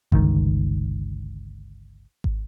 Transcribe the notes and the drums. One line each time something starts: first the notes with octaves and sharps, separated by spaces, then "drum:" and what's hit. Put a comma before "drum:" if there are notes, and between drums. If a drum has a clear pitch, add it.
G1 C#2 D#3, drum: kick G#1
drum: kick G#1